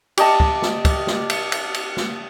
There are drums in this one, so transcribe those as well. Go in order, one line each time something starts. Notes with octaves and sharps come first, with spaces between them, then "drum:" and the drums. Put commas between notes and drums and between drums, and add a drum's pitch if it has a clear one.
G4 D5 D#5 A5, drum: cymbal
drum: kick
drum: snare
drum: kick, cymbal
drum: snare
drum: cymbal
drum: cymbal
drum: cymbal
drum: snare